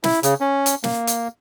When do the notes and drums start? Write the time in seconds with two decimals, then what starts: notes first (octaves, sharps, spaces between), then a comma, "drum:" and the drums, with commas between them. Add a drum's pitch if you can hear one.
0.04 E4, drum: snare
0.23 C#3, drum: hi-hat
0.40 C#4
0.66 drum: hi-hat
0.84 A#3, drum: snare
1.07 drum: hi-hat